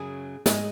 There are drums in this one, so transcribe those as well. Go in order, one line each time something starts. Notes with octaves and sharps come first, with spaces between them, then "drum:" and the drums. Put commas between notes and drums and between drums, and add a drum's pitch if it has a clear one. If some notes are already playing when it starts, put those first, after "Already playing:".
Already playing: F#2 C#3 F#3 G#4
G#2 G#3 G#4, drum: snare